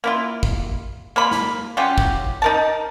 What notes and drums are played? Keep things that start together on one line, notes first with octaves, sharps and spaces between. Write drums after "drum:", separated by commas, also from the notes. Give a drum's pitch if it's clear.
A#3 E4 F4
drum: kick
A#3 F4 B5
drum: snare
F#3 C#4 F4 G4
drum: kick
D#4 A#4 A5